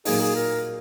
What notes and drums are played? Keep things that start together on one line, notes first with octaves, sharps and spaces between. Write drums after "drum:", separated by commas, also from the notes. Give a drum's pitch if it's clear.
A#2 F#3 A#3 D#4 G#4, drum: open hi-hat
G#4
A#4